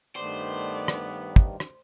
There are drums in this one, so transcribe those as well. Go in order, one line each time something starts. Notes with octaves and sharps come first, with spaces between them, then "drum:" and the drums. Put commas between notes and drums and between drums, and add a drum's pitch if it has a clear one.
G2 D#3 A3 B3 C5 D5
drum: rim click
drum: kick
drum: rim click